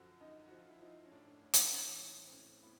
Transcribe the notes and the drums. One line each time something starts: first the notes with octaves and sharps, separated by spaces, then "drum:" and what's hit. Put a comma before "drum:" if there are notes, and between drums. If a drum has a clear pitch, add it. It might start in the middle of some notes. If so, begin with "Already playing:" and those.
Already playing: F#2 D3 F3 F#4
F#2 D#4
F3 F#4
F4
E4
F3 D#4
C#4
A2 D4
A2
drum: hi-hat
E3 C#4
E3
C4
A2 C#4
A2 B3